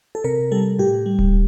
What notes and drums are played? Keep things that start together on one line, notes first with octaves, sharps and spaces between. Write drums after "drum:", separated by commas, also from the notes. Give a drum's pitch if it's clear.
A4
C3 A#4
G3 A4
A2 G4
G3
drum: kick D1